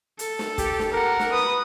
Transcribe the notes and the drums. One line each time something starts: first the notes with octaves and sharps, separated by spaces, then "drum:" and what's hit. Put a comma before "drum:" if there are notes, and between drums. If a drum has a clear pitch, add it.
A4, drum: hi-hat
drum: snare
G4, drum: kick, hi-hat
drum: snare
A#4 F#5
drum: snare
B4 D#6